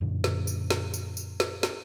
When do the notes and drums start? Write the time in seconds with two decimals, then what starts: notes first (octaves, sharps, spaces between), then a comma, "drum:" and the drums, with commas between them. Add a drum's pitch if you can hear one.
0.01 F#2 A#2 D3
0.24 drum: snare
0.47 drum: tambourine
0.70 drum: snare
0.94 drum: tambourine
1.17 drum: tambourine
1.40 drum: snare
1.63 drum: snare